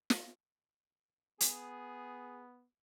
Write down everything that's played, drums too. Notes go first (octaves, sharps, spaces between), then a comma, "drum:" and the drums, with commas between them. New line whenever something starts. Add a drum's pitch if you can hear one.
drum: snare
B3 G#4, drum: hi-hat